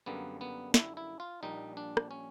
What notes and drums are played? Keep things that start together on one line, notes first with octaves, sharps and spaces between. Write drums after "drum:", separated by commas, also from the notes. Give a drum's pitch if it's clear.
F#2 D3 G3 A#3 B3
B3
E4, drum: snare
E4
F4
A#1 A#2 G3 D#4
D4
drum: rim click
C#4